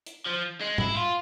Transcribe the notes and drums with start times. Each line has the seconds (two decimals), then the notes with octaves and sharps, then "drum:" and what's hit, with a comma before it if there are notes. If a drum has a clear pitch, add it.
0.06 drum: hi-hat
0.26 F3
0.60 G#3
0.78 E4, drum: tom
0.96 F4